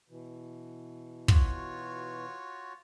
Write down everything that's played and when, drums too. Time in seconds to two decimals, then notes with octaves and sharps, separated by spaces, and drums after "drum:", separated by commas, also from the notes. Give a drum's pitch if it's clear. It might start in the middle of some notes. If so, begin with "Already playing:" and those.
0.10 B2 E3
1.28 F4 F#4 C#5, drum: kick